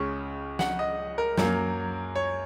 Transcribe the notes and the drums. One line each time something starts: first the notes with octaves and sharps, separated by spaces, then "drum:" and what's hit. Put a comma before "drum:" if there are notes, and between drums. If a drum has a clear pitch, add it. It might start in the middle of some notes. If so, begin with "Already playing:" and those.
Already playing: C#2 C#3 G#3 C#4 C#6
F#5, drum: snare
D#5
A#4
F#2 F#3 A#3, drum: snare
C#5